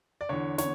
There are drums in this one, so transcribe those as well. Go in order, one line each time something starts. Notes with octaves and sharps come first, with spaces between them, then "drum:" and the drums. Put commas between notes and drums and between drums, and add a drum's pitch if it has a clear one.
D5
E2 D3 C#5
C#5, drum: snare